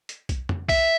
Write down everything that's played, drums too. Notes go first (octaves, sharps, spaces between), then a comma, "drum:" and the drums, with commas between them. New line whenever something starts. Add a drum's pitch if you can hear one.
drum: hi-hat
drum: kick B1, hi-hat
drum: tom F2
E5, drum: kick B1, open hi-hat